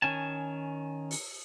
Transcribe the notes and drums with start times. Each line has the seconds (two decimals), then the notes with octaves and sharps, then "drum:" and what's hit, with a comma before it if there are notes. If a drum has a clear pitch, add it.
0.02 D#3 C#4 G#5 A5
1.11 drum: open hi-hat